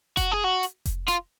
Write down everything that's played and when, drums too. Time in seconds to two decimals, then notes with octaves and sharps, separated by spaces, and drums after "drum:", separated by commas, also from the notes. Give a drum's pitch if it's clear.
0.17 F#4, drum: kick F1, hi-hat
0.31 G#4
0.44 F#4
0.63 drum: hi-hat
0.86 drum: kick F1, hi-hat
1.08 F4, drum: hi-hat